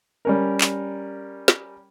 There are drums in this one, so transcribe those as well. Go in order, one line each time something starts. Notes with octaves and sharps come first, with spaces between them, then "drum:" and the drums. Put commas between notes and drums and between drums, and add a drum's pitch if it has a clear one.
G3 C#4 A#4
drum: clap
drum: snare